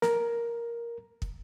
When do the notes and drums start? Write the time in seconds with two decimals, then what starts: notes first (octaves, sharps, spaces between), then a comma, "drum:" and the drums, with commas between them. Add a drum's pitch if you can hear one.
0.02 A#4, drum: snare
1.22 drum: kick